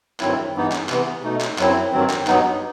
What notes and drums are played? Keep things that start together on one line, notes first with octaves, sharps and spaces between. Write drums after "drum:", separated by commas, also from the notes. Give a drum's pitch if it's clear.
G2 D#3 F#3 C4 E4, drum: clap
G2 E3 B3 D#4
drum: clap
C3 E3 B3, drum: clap
B2 A3 D#4
drum: clap
F#2 F#3 C4 E4, drum: clap
G2 D#3 F#3 C4
drum: clap
G2 F#3 B3 D#4, drum: clap